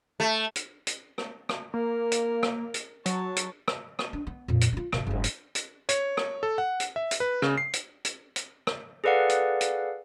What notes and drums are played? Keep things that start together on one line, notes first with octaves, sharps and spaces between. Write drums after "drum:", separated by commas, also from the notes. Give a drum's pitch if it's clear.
A3
drum: hi-hat
drum: hi-hat
drum: rim click
drum: rim click
A#3 A#4
drum: hi-hat
drum: rim click
drum: hi-hat
F#3 C#5 A5, drum: hi-hat
drum: hi-hat
drum: rim click
drum: rim click
D4
B3
F2 A#2
drum: hi-hat
D4 F4
G#1 C3, drum: rim click
F#1 G#2
drum: hi-hat
drum: hi-hat
C#5, drum: hi-hat
drum: rim click
A4
F#5
drum: hi-hat
E5
drum: hi-hat
B4
C#3, drum: rim click
C7
drum: hi-hat
drum: hi-hat
drum: hi-hat
drum: rim click
G#4 A4 B4 D5 F5 F#5
drum: hi-hat
drum: hi-hat